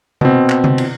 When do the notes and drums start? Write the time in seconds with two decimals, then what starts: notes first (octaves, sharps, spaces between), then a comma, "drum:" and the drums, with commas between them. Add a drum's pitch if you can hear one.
0.21 B2 C4, drum: tom C3
0.50 drum: clap
0.64 drum: tom C3
0.78 drum: cymbal